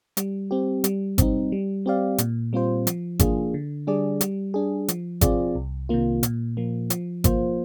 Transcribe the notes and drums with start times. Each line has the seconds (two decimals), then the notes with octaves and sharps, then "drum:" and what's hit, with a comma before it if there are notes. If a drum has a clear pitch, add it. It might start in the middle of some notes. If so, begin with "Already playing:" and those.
0.17 G3, drum: hi-hat
0.51 C4 G4
0.84 G3, drum: hi-hat
1.18 C4 D#4, drum: kick G#1, hi-hat
1.52 G3
1.86 C4 G4 D5 F5
2.18 A#2, drum: hi-hat
2.53 G3 C4 F4 C5
2.87 F3, drum: hi-hat
3.19 A#3 D4 F4 G#4, drum: kick G#1, hi-hat
3.54 D3
3.87 G3 D4 G#4 D5
4.21 G3, drum: hi-hat
4.54 D4 G#4
4.88 F3, drum: hi-hat
5.21 C4 F4 G#4 D5, drum: kick G#1, hi-hat
5.55 C2
5.89 C3 D#3 A#3 F4
6.23 A#2, drum: hi-hat
6.57 F3 A#3
6.90 F3, drum: hi-hat
7.24 A#3 F4 C5, drum: kick G#1, hi-hat